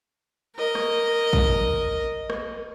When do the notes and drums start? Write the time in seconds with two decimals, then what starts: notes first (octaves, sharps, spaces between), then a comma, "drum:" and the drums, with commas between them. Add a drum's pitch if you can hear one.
0.56 A#4 D#5
0.75 drum: rim click
1.33 drum: kick
2.30 drum: rim click